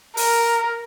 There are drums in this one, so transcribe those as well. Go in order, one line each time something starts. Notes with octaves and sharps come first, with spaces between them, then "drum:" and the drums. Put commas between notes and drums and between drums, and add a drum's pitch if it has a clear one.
A#4, drum: open hi-hat